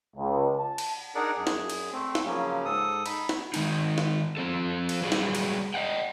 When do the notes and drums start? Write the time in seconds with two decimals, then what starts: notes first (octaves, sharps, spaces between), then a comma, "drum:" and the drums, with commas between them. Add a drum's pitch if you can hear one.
0.17 C#2
0.55 A5
0.78 drum: cymbal
1.15 D4 D#4 G#4 A#4 D5 F#5
1.36 F#2 G#4
1.47 drum: snare
1.70 drum: cymbal
1.92 A3 C4
2.15 drum: snare
2.26 C#3 F3 F#3 A#3 C#4
2.65 G#2 A4 D#6
3.06 D#4 B5, drum: cymbal
3.29 drum: snare
3.54 D#3 G#3 D#4, drum: cymbal
3.98 drum: snare
4.37 F3 C4 A4
4.89 drum: cymbal
5.03 F#3 G3 G#4 B4
5.12 drum: snare
5.35 drum: cymbal
5.74 D#5 F#5 G5